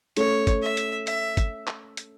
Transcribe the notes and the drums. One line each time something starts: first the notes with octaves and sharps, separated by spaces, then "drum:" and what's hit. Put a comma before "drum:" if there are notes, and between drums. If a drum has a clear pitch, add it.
A3 C#4 C#5, drum: hi-hat
drum: kick G1, hi-hat
E5
drum: hi-hat
E5, drum: hi-hat
drum: kick G1, hi-hat
drum: clap
drum: hi-hat